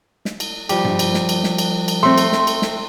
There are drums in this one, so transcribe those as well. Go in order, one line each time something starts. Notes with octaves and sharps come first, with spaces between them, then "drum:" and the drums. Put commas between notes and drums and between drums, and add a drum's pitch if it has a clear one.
drum: snare
drum: cymbal
F3 G3 G4, drum: cymbal
drum: tom G2
drum: cymbal
drum: snare
drum: cymbal
drum: snare
drum: cymbal
drum: cymbal
A3 C4 C6
drum: cymbal
drum: snare
drum: cymbal
drum: snare